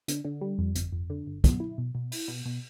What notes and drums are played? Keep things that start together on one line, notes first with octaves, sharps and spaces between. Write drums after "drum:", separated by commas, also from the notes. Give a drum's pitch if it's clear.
D3, drum: hi-hat
D3
G3
F2
G1, drum: hi-hat
F2
D3
G1
B3, drum: kick, hi-hat
E4
B2
B2
E4, drum: open hi-hat
B2
B2